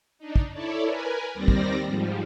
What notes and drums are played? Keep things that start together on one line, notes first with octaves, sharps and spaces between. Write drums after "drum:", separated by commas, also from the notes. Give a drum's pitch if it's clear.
D4 D#4
drum: kick
E4 A4 C#5 D5
A#4 B4 G#5
D#2 D#3 G3 C4 D5 A#6
drum: kick
G#2 F3 G3